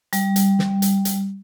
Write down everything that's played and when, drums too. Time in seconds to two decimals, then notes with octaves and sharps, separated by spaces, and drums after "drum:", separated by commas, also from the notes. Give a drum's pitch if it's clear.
0.13 G3, drum: hi-hat
0.36 drum: hi-hat
0.59 drum: snare
0.82 drum: hi-hat
1.05 drum: hi-hat